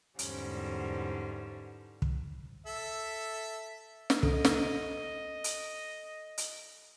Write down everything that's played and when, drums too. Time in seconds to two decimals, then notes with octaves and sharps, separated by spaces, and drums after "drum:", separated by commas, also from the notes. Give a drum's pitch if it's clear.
0.19 E2 G#2 D3 G3 C#4 C5, drum: hi-hat
2.02 drum: kick
2.66 A4 E5
4.10 drum: snare
4.23 A4 D#5, drum: kick
4.45 drum: snare
5.44 drum: hi-hat
6.38 drum: hi-hat